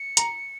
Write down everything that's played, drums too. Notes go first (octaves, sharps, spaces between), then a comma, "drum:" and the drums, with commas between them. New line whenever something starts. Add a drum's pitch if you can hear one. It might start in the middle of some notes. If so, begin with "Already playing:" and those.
Already playing: C#7
A#5, drum: hi-hat